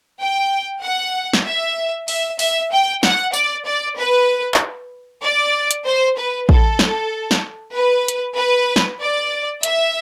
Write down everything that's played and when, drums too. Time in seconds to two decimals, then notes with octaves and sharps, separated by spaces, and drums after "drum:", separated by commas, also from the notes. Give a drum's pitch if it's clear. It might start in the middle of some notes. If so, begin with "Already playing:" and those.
0.20 G5
0.82 F#5
1.33 drum: snare
1.45 E5
2.08 E5, drum: open hi-hat
2.39 E5, drum: open hi-hat
2.72 G5
3.03 F#5, drum: snare
3.33 D5, drum: tambourine
3.66 D5
3.97 B4
4.54 drum: clap
5.22 D5
5.71 drum: hi-hat
5.85 C5
6.17 B4
6.49 A4, drum: kick A1
6.79 drum: snare
7.31 drum: snare
7.74 B4
8.08 drum: hi-hat
8.36 B4
8.76 drum: snare
9.00 D5
9.63 E5, drum: hi-hat